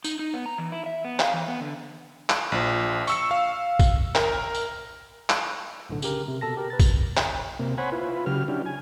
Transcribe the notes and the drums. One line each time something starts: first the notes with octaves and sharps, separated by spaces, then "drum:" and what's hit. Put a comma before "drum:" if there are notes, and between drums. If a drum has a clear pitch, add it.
D#4, drum: tambourine
D#4
B3
A#5
E3
E4
E5
B3
F5, drum: clap
E3
B3
D3
drum: clap
A#1 F3
C#6 E6 C#7, drum: tambourine
F5
drum: kick, tambourine
A#4, drum: clap
drum: tambourine
drum: clap
B1 A2 D3
C#3 G4 A#4, drum: tambourine
C3
B2 A4 A5 A#6
G4 A#4
B4 A6
drum: kick, tambourine
drum: clap
C3 A#3
C5 C#5 F#5 G#5 B5
E4 F4 B4
C#3 F#3 G4 F6
F#3 C#4 D4 E4 G4
G#5